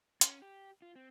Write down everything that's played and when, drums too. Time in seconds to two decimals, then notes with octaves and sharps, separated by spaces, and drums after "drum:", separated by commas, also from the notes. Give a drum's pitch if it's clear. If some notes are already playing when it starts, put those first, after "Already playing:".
0.21 C#4, drum: hi-hat
0.42 G4
0.82 F4
0.96 C4